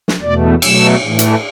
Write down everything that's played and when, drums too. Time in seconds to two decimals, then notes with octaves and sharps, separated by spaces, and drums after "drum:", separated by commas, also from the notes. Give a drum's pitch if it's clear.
0.08 drum: snare
0.22 E2 B2 A3 D5
0.62 B2 F#3 A3 E6, drum: cymbal
1.03 A2 E3 A3
1.19 drum: hi-hat